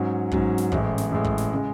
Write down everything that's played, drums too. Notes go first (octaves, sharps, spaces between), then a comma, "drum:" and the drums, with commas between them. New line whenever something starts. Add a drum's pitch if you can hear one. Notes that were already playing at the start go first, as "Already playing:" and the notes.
Already playing: G#2 F#3 C#4
G#2 F#3 C#4, drum: kick
drum: snare
A1 A2 G#3, drum: kick
drum: snare
A1 A2 G#3
drum: kick
drum: snare
C#3 G#3